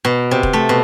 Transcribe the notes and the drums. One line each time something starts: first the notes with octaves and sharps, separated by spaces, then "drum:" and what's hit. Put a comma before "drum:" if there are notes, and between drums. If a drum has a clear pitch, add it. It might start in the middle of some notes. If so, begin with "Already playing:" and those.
B2
C3
drum: kick E1
A3
B2